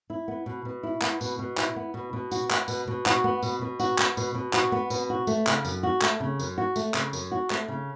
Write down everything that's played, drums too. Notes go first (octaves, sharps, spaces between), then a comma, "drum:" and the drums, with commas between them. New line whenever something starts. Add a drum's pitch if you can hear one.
E4
B3
B2
B2
E4
B3, drum: clap
B2, drum: tambourine
B2
E4, drum: clap
B3
B2
B2
F#4, drum: tambourine
B3, drum: clap
B2, drum: tambourine
B2
F#4, drum: clap
B3
B2, drum: tambourine
B2
F#4, drum: tambourine
B3, drum: clap
B2, drum: tambourine
B2
F#4, drum: clap
B3
B2, drum: tambourine
F#4
A3, drum: tambourine
C#3, drum: clap
F#2, drum: tambourine
F#4
A3, drum: clap
C#3
F#2, drum: tambourine
F#4
A3, drum: tambourine
C#3, drum: clap
F#2, drum: tambourine
F#4
A3, drum: clap
C#3